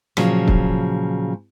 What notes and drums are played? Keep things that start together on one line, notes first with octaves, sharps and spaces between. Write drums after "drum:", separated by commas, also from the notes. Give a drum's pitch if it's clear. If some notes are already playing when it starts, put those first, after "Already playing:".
A#2 C#3 F3 F#3, drum: rim click
drum: kick